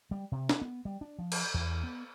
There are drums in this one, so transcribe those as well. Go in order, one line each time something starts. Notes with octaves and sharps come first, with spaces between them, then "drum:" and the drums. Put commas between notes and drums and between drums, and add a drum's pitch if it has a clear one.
G3
C3
drum: snare
B3
G3
D4
F3
drum: cymbal
E2
B3